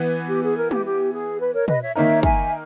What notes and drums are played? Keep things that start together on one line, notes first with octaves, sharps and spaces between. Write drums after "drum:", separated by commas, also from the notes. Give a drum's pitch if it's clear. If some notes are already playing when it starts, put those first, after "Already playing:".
Already playing: E3 B3
G4
G#4
A#4
G4, drum: tom
G4
G#4
B4
A#4 C#5
B4 D#5, drum: tom
C#5 E5
D#3 A#3 D#4 A#4 C#5 E5
E5 G#5, drum: kick